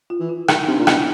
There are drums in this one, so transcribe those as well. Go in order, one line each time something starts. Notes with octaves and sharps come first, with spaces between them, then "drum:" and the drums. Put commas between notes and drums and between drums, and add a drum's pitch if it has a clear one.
F4
E3
E4
D#3 D#4, drum: rim click
C3 D4
A#2
B2 E4, drum: rim click